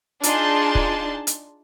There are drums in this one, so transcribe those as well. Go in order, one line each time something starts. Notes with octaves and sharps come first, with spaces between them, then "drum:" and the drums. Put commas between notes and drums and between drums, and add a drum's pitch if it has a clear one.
D4 D#4 F4 G#4 A5 C6, drum: hi-hat
drum: kick
drum: hi-hat